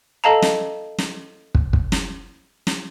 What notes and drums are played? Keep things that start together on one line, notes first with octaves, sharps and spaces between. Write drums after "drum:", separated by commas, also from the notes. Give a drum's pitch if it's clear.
A4 D#5 F5 A5 A#5
drum: snare
drum: snare
drum: kick
drum: kick
drum: snare
drum: snare